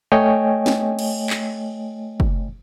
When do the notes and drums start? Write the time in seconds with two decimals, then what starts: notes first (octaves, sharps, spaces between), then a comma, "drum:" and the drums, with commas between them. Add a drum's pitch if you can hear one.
0.12 A3 C#5 D#5 G5 G#5
0.66 drum: snare
0.99 drum: cymbal
1.30 drum: clap
2.20 drum: kick